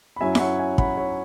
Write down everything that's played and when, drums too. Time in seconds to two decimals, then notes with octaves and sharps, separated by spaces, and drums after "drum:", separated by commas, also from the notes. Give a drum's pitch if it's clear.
0.16 B5
0.21 F#2 F#3 C#4 E4 E5 G#5
0.35 E5, drum: snare E4
0.40 C#5 F#5
0.59 E5 G#5
0.78 F#5 B5, drum: kick
0.97 C#5